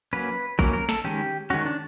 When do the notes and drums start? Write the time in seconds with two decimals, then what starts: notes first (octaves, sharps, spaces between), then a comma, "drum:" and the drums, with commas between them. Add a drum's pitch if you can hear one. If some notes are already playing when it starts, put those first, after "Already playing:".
0.13 F#3 A#3 C#4 B4
0.59 F#3 A#3 C#4 A#4, drum: kick
0.73 A#4
0.89 A4, drum: snare
1.05 D#3 G#3 C#4 G4, drum: tom D#3
1.50 D#3 G#3 C#4 F#4
1.65 D4